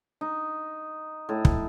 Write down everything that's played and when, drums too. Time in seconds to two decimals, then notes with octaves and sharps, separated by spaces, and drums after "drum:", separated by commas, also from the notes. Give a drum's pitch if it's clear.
0.21 D#4
1.29 A2
1.45 drum: kick